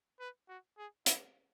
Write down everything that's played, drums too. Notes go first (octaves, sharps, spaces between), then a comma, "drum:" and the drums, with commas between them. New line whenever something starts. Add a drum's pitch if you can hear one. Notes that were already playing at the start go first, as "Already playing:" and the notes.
B4
F#4
G#4
E4, drum: hi-hat